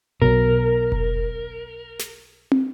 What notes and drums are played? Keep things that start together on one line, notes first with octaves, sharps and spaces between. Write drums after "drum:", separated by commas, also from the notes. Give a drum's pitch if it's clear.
B1 B2 A#4
drum: kick F1
drum: snare
drum: tom